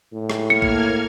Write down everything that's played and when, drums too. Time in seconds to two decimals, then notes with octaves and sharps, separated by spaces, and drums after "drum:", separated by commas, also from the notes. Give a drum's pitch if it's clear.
0.13 A2
0.30 drum: rim click
0.50 A#3 F6 G#6 C#7
0.62 drum: kick